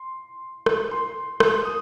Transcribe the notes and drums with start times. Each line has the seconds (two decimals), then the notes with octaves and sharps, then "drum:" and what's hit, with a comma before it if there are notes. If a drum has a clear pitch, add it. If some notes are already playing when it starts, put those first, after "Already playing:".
Already playing: C6
0.66 drum: rim click
0.91 C6
1.40 drum: rim click
1.65 D#6